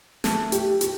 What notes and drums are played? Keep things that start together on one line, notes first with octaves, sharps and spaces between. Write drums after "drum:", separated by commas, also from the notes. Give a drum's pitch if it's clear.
A3, drum: snare
G4, drum: hi-hat
G4, drum: hi-hat